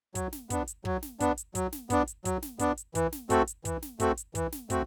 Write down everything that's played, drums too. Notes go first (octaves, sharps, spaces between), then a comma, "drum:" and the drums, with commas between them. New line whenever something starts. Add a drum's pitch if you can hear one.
F#3, drum: kick, hi-hat
drum: snare
B3 D4, drum: kick, hi-hat
drum: hi-hat
F#3, drum: kick
drum: snare
B3 D4, drum: kick, hi-hat
drum: hi-hat
F#3, drum: kick, hi-hat
drum: snare
B3 D4, drum: kick, hi-hat
drum: hi-hat
F#3, drum: kick, hi-hat
drum: snare
B3 D4, drum: kick, hi-hat
drum: hi-hat
E3, drum: kick, hi-hat
drum: snare
A3 C4 F#4 A4, drum: kick, hi-hat
drum: hi-hat
E3, drum: kick, hi-hat
drum: snare
A3 C4 F#4 A4, drum: kick, hi-hat
drum: hi-hat
E3, drum: kick, hi-hat
drum: snare
A3 C4 F#4, drum: kick, hi-hat